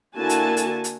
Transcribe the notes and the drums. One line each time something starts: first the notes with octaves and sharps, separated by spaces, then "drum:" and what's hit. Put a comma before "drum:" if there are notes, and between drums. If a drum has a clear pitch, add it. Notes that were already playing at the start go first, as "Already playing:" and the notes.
D3 A#3 E4 F#4 G#5 A5
drum: hi-hat
drum: hi-hat
drum: hi-hat